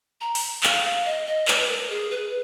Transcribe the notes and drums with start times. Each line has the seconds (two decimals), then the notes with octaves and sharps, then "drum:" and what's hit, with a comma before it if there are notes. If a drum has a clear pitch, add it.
0.21 A#5
0.35 drum: open hi-hat
0.63 F5, drum: clap
0.84 F5
1.05 D#5
1.27 D#5
1.48 B4, drum: clap
1.60 B4
1.69 A#4
1.90 G#4
2.11 B4